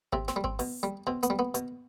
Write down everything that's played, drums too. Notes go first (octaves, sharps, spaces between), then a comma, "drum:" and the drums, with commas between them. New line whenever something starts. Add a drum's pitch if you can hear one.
C3 C4, drum: kick G#1
C4, drum: snare
G3
C4, drum: kick G#1
B2, drum: open hi-hat
G3
B2 C4
B3, drum: hi-hat
G3
B3
B2, drum: hi-hat